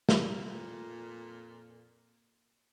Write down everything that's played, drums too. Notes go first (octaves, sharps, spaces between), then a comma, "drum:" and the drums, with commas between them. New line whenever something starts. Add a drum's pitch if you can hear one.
F2 A#2, drum: snare